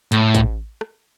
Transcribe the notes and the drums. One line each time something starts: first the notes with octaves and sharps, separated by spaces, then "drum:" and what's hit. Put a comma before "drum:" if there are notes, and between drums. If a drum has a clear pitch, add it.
A2, drum: hi-hat
drum: kick, hi-hat
drum: rim click